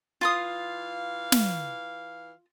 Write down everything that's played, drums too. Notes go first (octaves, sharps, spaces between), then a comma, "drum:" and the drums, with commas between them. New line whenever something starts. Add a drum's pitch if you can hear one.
E3 F4 F5 C6 D#6
drum: snare